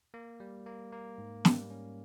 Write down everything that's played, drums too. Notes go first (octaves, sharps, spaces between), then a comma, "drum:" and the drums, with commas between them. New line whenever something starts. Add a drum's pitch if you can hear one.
A#3
G3
A#3
A#3
G#2
G3, drum: snare
C#4